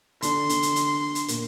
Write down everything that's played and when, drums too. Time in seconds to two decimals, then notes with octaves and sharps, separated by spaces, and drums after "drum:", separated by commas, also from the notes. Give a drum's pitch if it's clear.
0.22 D3 D4 C6, drum: hi-hat
0.49 D3 D4, drum: hi-hat
0.62 drum: hi-hat
0.76 drum: hi-hat
1.15 drum: hi-hat
1.28 A#2 A#3, drum: hi-hat